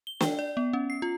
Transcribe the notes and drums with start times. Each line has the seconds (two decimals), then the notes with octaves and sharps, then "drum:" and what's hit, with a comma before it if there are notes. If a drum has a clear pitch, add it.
0.07 G7
0.21 G5, drum: snare
0.39 D5
0.57 B3
0.73 C#4
0.90 C7
1.02 F4